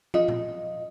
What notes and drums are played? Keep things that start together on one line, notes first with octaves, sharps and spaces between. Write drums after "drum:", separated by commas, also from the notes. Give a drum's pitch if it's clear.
F4 D#5, drum: tom
drum: tom A#2